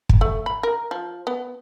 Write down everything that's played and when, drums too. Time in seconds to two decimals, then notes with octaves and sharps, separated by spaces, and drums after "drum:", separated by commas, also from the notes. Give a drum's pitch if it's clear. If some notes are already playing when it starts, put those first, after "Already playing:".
0.09 drum: kick
0.21 A3
0.46 B5
0.63 A#4
0.91 F3
1.27 B3